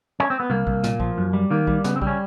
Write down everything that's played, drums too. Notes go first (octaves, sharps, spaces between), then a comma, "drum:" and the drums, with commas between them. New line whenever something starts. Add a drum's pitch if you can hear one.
C#4
C4
B3
C2 A#3
C2, drum: kick A#1
A#2, drum: snare
F3, drum: kick A#1
F#2
G3
D#3 A#3
G3, drum: kick A#1
C#3 B3, drum: snare
C4
G3, drum: kick A#1
C#4